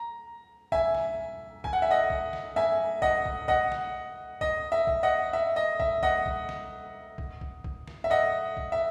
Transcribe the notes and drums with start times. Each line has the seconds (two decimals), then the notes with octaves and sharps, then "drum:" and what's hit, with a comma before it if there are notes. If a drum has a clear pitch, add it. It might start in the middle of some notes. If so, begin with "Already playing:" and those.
Already playing: A#5
0.72 E5 G#5, drum: kick
0.95 drum: snare
1.64 G#5, drum: kick
1.73 F#5
1.82 E5
1.90 D#5 F#5
2.10 drum: kick
2.33 drum: snare
2.56 E5 G#5
3.02 D#5 F#5, drum: kick
3.26 drum: kick
3.48 D#5 F#5, drum: kick
3.72 drum: snare
4.41 D#5, drum: kick
4.72 E5
4.87 drum: kick
5.03 D#5 F#5
5.33 E5
5.56 D#5
5.80 E5, drum: kick
6.03 D#5 F#5, drum: kick
6.26 drum: kick
6.49 drum: snare
7.18 drum: kick
7.41 drum: kick
7.64 drum: kick
7.88 drum: snare
8.04 E5
8.10 D#5 F#5
8.57 drum: kick
8.72 E5